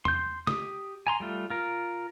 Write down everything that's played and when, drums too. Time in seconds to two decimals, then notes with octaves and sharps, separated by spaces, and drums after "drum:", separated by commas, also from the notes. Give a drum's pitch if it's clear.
0.05 C6 G6, drum: tom E2
0.47 G4 D#6, drum: snare
1.07 G#5 A#5 C6
1.20 G3 A3 F4
1.50 F4 A#4